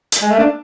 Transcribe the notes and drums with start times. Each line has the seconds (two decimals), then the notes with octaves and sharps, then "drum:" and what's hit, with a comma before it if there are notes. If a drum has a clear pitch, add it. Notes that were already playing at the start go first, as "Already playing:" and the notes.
0.12 drum: hi-hat
0.22 G#3
0.31 A3
0.38 D4